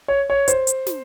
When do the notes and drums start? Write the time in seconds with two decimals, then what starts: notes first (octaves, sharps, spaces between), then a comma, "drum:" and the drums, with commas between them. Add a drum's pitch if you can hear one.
0.08 C#5
0.30 C#5
0.48 C5, drum: hi-hat
0.67 drum: hi-hat
0.87 drum: snare